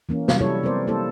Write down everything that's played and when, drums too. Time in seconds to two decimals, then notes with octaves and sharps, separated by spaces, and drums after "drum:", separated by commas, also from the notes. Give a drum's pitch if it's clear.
0.09 E3 A#3 C#4
0.28 C3 F#3 G3, drum: snare
0.40 G3 E4 A4 C#5
0.63 B3 C4 A#4 C5 D5
0.87 G3 A#3 E4 A4 C5